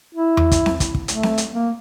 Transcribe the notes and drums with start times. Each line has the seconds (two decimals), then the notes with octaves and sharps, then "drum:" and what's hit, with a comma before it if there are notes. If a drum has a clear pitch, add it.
0.15 E4
0.37 drum: tom E2
0.52 drum: kick, hi-hat
0.66 drum: snare C4
0.80 drum: kick, hi-hat
0.95 drum: kick
1.08 A3, drum: hi-hat
1.23 drum: snare C4
1.38 drum: hi-hat
1.52 A#3